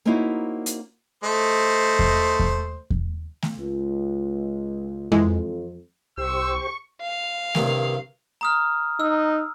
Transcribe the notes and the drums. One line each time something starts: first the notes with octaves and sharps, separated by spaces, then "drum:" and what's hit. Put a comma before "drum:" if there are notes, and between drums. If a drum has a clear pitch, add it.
A#3 C4 C#4 D#4 E4 F#4
drum: hi-hat
A3 C5 D#5
drum: kick E2
drum: kick E2
drum: kick E2
drum: snare A3
C#2
F2 E3 G#3, drum: tom F2
C2 G4 C5 C#6 E6
F5
C2 G2 D#3, drum: snare A3
A#5 D#6 F6
D#4 E6